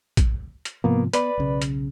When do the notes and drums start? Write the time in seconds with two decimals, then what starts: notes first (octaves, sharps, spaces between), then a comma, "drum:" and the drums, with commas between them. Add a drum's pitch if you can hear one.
0.17 drum: kick A#1, hi-hat
0.65 drum: hi-hat
0.84 G#2 C3 F3 A#3 B3
1.13 B3 B4 D5 B5, drum: hi-hat
1.38 B1 C#3
1.62 drum: hi-hat